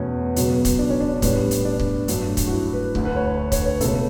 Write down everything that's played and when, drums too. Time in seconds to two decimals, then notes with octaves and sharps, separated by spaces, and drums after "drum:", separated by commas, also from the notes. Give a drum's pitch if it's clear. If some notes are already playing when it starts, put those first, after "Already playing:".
Already playing: E2 B2 A3 C#4 B4
0.36 C#2 B2 F#3 B3, drum: hi-hat
0.65 drum: kick, hi-hat
0.79 D4
0.90 C#4
1.01 D4
1.22 A2 G3 B3 D4, drum: kick, hi-hat
1.51 drum: hi-hat
1.65 D4
1.80 drum: kick
2.08 G2 F#3 A3, drum: hi-hat
2.37 drum: kick, hi-hat
2.47 F#4
2.51 E4
2.73 B4
2.95 D2 D3 A3, drum: kick
3.05 B4
3.16 C#5
3.26 C#5
3.38 C#5
3.52 C#5, drum: kick, hi-hat
3.66 C#5
3.81 C#2 B2 A3 A4, drum: hi-hat